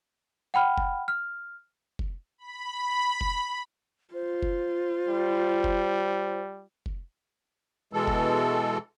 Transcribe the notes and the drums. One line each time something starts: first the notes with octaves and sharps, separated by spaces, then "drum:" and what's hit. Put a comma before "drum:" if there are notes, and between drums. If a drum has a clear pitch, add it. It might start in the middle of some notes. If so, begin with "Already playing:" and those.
F#5 G5 B5 F6
drum: kick F1
F6
drum: kick F1
B5
drum: kick F1
F4 C5
drum: kick F1
G3
drum: kick F1
drum: kick F1
B2 E3 G#3 A4
drum: kick F1